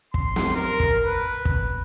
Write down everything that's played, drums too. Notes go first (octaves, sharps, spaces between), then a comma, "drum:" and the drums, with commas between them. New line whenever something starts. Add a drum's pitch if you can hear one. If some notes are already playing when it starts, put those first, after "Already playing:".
C6, drum: kick
drum: snare
A#4
drum: kick
B4
drum: kick